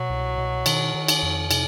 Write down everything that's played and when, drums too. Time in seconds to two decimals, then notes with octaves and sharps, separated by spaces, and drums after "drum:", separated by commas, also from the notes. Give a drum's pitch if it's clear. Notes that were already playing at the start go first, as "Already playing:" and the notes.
Already playing: B2 F#3
0.10 C2
0.38 B2
0.66 D#3, drum: cymbal
0.94 D#3
1.08 drum: cymbal
1.23 F2
1.51 C3, drum: cymbal